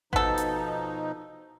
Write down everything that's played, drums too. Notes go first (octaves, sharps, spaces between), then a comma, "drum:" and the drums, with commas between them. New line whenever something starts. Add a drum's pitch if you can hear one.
B2 F3 B3 D#4 A4, drum: kick G#1
drum: hi-hat